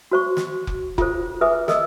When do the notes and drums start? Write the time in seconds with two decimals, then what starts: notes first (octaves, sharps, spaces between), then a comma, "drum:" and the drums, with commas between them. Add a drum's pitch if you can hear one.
0.12 F#4 C5 C#6
0.37 drum: snare
0.67 drum: kick F1
0.98 F4 G#4 A4 C5, drum: kick F1
1.41 G#4 B4 E5 G#5 D#6
1.68 G#4 A#4 D#5 D#6 E6, drum: snare